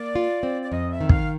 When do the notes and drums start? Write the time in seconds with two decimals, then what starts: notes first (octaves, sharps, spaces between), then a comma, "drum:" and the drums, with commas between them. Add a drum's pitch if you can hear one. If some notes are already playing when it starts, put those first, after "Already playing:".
Already playing: A#3 D5
0.15 F4
0.43 C4
0.62 D5
0.71 F2 D#5
0.91 E5
1.01 D#3
1.09 F5, drum: kick